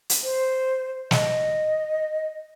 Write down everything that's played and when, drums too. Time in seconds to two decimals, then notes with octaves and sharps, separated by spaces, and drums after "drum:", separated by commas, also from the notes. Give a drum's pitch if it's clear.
0.09 drum: hi-hat
0.24 C5
1.11 D#5, drum: snare